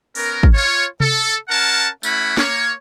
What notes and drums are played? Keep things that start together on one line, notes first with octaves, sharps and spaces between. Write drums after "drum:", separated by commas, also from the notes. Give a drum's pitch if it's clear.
B3 C#4 A#4, drum: open hi-hat
drum: kick
F4 C#5
A4, drum: tom C3
C#4 A#4 F#5 A5
A3 C#4 E4 F#5 B5, drum: tambourine
A#3 C#5, drum: snare